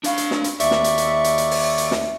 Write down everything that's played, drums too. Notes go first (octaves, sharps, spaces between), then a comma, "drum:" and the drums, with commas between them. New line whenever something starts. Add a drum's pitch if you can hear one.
D4 F5, drum: hi-hat
drum: hi-hat
drum: snare
drum: hi-hat
D#2 D5 E5 C#6, drum: hi-hat
drum: snare
drum: hi-hat
drum: hi-hat
drum: hi-hat
drum: hi-hat
drum: open hi-hat
drum: hi-hat
drum: snare